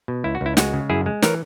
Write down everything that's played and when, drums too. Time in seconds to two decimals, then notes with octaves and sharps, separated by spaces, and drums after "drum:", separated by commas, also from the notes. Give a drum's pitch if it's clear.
0.08 B2
0.24 C#2 E4
0.35 F#4
0.41 C#2 E4
0.57 G#3 F#4, drum: snare
0.73 C#3
0.90 F#2 E4 G#4
1.06 G#3
1.22 E3 A#4 C#5, drum: snare